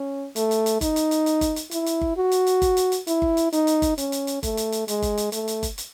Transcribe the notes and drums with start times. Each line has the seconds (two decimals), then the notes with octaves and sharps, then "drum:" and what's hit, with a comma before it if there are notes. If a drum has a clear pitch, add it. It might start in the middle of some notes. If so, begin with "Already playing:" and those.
Already playing: C#4
0.36 A3, drum: hi-hat
0.51 drum: hi-hat
0.66 drum: hi-hat
0.81 D#4, drum: kick G1, hi-hat
0.96 drum: hi-hat
1.11 drum: hi-hat
1.26 drum: hi-hat
1.41 drum: kick G1, hi-hat
1.56 drum: hi-hat
1.71 E4, drum: hi-hat
1.86 drum: hi-hat
2.01 drum: kick G1
2.17 F#4
2.32 drum: hi-hat
2.47 drum: hi-hat
2.62 drum: kick G1, hi-hat
2.77 drum: hi-hat
2.92 drum: hi-hat
3.07 E4, drum: hi-hat
3.22 drum: kick G1
3.37 drum: hi-hat
3.53 D#4, drum: hi-hat
3.67 drum: hi-hat
3.82 drum: kick G1, hi-hat
3.98 C#4, drum: hi-hat
4.12 drum: hi-hat
4.27 drum: hi-hat
4.43 A3, drum: kick G1, hi-hat
4.57 drum: hi-hat
4.72 drum: hi-hat
4.88 G#3, drum: hi-hat
5.02 drum: kick G1, hi-hat
5.17 drum: hi-hat
5.32 A3, drum: hi-hat
5.48 drum: hi-hat
5.63 drum: kick G1, hi-hat
5.78 drum: hi-hat